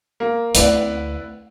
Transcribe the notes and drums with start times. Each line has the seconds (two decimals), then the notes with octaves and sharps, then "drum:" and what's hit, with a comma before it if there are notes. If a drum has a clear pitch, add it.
0.20 A#3
0.55 D2 E4 B4 D5, drum: hi-hat